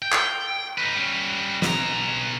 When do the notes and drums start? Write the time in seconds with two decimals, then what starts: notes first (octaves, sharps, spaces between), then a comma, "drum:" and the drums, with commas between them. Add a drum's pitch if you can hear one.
0.02 G5
0.12 drum: clap
0.78 D#4 B4
0.95 G3 C#4
1.62 B2 A#5, drum: snare